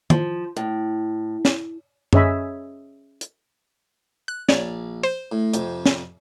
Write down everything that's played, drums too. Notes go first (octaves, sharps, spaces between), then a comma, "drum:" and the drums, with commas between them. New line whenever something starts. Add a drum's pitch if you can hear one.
F3, drum: tom
A2
drum: snare
C#4 G#4 C#5 D#5 E5 B5, drum: tom F#2
drum: hi-hat
F#6
A#1 C#5 D5, drum: snare
C5
A2
F2 C3, drum: hi-hat
drum: snare